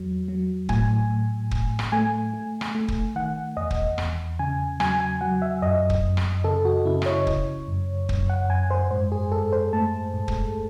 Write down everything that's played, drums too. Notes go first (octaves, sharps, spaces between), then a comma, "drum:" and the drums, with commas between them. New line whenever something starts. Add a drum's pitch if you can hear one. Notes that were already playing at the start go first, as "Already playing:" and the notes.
Already playing: E2 F#3
F#3
A2 G#5, drum: kick
A2
A2, drum: kick
drum: rim click
A3 G#5
A3
drum: rim click
A3
drum: kick
D#3 F#5
E2 D#5
drum: kick
E2, drum: rim click
C#3 G#5
F#3 G#5, drum: rim click
G#5
F#3 F#5
E5
F#2 D#5
drum: kick
F#2
drum: rim click
C#3 A4
F#4
C#3 E4
D#5, drum: rim click
C#5
C#3, drum: kick
F#2
F#2, drum: kick
F#5
F#2 G#5
C5
G#2 C5
G#4
G#2 A4
C5
A3 A5
G#2
drum: kick